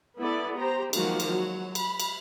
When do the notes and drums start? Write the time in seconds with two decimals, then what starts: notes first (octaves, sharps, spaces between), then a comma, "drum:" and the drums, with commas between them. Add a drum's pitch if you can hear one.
0.19 B3 E4 A4 D5
0.58 G4 C5 A#5
0.93 D#3 F3 F#3 G#3 A#3 F#4, drum: cymbal
1.20 drum: cymbal
1.29 F#3 F#4
1.75 B5, drum: cymbal
2.00 drum: cymbal